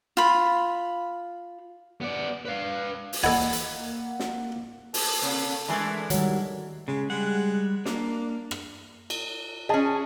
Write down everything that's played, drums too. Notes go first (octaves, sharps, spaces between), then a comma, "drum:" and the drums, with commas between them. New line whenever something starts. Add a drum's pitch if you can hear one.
F4 B5
B3 D5
B4 F5
drum: open hi-hat
A#3 A4 D5 D#5 F#5 G#5 B5
drum: hi-hat
drum: snare
A4, drum: open hi-hat
C3 A#3
E3 G#3 A3 D4 E4 A#4
D#3 F#3 G3, drum: hi-hat
C#3 G#3
G3 G#3 F#5
A#3 D4, drum: snare
drum: rim click
drum: cymbal
C#4 G#4 D#5 A5